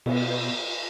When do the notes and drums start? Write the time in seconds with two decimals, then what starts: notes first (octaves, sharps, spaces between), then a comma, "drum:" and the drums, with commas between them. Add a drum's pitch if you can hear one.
0.06 B2, drum: cymbal